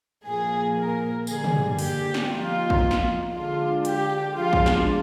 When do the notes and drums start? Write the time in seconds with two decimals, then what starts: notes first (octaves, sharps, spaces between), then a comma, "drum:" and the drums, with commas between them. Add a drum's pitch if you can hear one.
0.25 A#2 F3 A#3 G#4
0.76 A#4
1.27 D3 G3 A#3 G#4, drum: tambourine
1.44 drum: tom
1.79 G4, drum: open hi-hat
2.14 drum: snare
2.31 F3 A#3 D#4 F4
2.70 drum: kick
2.91 drum: snare
3.33 D3 G#3 D4 F4
3.85 G4, drum: hi-hat
4.36 F3 G#3 D4 F4
4.53 drum: kick
4.66 drum: snare